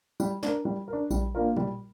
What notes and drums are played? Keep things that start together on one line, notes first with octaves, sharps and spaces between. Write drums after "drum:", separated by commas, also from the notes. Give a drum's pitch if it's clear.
G3, drum: tambourine
D4 A#4, drum: snare
G3
A#4
D4
G3, drum: kick A#1, tambourine
A#3 D4 F4 A#4
G3, drum: tom